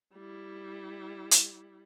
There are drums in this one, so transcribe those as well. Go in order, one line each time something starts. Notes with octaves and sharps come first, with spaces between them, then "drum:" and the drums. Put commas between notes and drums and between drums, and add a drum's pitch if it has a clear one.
G3 E4
drum: hi-hat